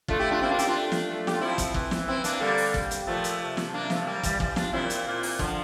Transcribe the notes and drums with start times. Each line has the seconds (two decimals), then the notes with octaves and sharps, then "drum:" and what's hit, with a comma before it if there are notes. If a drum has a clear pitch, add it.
0.08 A3 D4 F4, drum: kick
0.19 E4 G4
0.31 D4 F4
0.41 A#3 C4 E4
0.51 D4 F4
0.59 E4 G4, drum: hi-hat
0.67 D4 F4
0.75 A3
0.92 drum: snare
1.08 A3
1.27 G4, drum: snare
1.33 F4
1.41 F3 C4 E4
1.58 drum: kick, hi-hat
1.74 E3, drum: kick
1.91 drum: snare
2.08 C4 E4
2.24 A#3 D4, drum: hi-hat
2.40 D3 G3 A#3
2.58 drum: open hi-hat
2.74 drum: kick
2.91 drum: hi-hat
3.07 A#2 F3 A3
3.24 drum: hi-hat
3.40 C3
3.57 drum: snare
3.74 A#3 D4
3.90 F3 A3, drum: snare
4.07 G3 A#3
4.23 E3 G3, drum: kick, hi-hat
4.40 E3 G3, drum: kick
4.56 D4 F4, drum: snare
4.73 A#2 C4 E4
4.90 drum: hi-hat
5.06 A#2
5.23 drum: open hi-hat
5.39 D3 F3, drum: kick